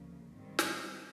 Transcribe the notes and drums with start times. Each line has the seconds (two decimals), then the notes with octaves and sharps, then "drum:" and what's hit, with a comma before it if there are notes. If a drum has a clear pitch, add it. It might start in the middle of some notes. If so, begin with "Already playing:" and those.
Already playing: D2 C#3 F3 A#3
0.32 G#2 D#3 G3 C4
0.59 drum: snare